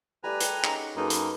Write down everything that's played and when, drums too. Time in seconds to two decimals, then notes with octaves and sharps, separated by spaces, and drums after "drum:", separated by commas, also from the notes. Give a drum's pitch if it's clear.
0.23 G3 A3 G4 B4 G#5 A#5
0.41 G4 G#4 G5, drum: hi-hat
0.64 C#4 D#4 A#5 C6, drum: clap
0.79 F#5
0.96 F#2 A#3 D#4 G#4 A4 B4
1.10 drum: hi-hat